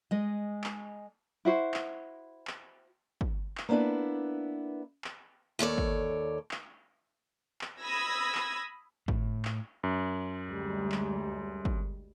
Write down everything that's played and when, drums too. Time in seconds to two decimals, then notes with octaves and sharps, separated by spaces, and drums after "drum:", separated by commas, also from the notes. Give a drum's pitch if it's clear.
0.11 G#3 D#5
0.64 drum: clap
1.45 E4 F#4 C5
1.74 drum: clap
2.47 drum: clap
3.21 drum: kick
3.57 drum: clap
3.69 A#3 B3 D4 E4 B4
5.04 drum: clap
5.59 D#2 A4 C#5 D5
5.78 drum: kick
6.51 drum: clap
7.61 drum: clap
7.82 B5 D#6 E6 G#6 A#6
8.35 drum: clap
9.08 A2, drum: kick
9.45 drum: clap
9.83 F#2
10.48 D2 G3 G#3
10.92 drum: clap
11.65 drum: kick